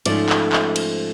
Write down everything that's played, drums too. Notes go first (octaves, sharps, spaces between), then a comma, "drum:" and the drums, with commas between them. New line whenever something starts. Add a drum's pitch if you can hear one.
G#2 F3 A3 C#4 D5, drum: cymbal
drum: clap
drum: clap
drum: cymbal